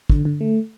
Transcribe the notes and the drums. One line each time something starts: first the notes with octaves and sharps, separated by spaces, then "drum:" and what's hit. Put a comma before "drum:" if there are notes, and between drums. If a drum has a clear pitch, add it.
D3, drum: kick
D3
A3